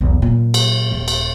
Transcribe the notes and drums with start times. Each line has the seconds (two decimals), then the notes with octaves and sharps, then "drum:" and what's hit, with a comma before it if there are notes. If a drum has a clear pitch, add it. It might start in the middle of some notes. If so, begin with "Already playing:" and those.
0.01 B1 E2
0.22 A#2 F#3
0.54 drum: cymbal
0.91 D#1 D#2
1.08 drum: cymbal